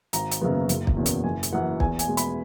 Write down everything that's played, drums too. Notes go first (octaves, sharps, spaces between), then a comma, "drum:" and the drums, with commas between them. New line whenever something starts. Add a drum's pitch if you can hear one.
G#1 A#5, drum: hi-hat
drum: hi-hat
F#2 C#3 F#3 B3
F#1, drum: hi-hat
drum: kick
E2 B2 A#3 C#4
drum: hi-hat
F#1 G#5
drum: hi-hat
F#2 E3 F#5
E2 G#5, drum: kick
G#5, drum: hi-hat
B2 G#3 B3
B5, drum: hi-hat